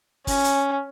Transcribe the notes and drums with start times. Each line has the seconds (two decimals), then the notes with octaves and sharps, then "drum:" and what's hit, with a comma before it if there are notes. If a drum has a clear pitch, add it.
0.27 C#4, drum: kick G1, open hi-hat
0.44 drum: hi-hat